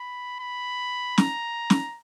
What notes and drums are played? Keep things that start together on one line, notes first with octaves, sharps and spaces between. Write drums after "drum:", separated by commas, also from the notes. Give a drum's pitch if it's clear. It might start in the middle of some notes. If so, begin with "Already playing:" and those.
Already playing: B5
B5
A#5, drum: snare
drum: snare